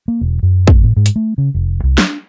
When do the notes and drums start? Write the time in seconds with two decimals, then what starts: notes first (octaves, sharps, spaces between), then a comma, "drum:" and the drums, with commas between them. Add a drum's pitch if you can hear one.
0.08 A#3
0.21 E1
0.43 F#2
0.67 drum: kick
0.83 A2
0.97 G#2
1.06 drum: hi-hat
1.16 A3
1.38 C#3
1.55 F1
1.84 C2
1.98 D4, drum: snare